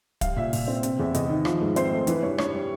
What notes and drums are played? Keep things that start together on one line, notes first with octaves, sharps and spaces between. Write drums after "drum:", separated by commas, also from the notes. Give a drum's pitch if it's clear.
G3 F5, drum: kick, hi-hat
A#2 E5
A#2, drum: open hi-hat
C4
C3, drum: hi-hat
E2 E5
E2 D#5, drum: hi-hat
D#3
F3, drum: rim click
G#2
C4 C5, drum: hi-hat
A3
E3 B4, drum: hi-hat
G2 C#5
G2 C#5, drum: rim click
G3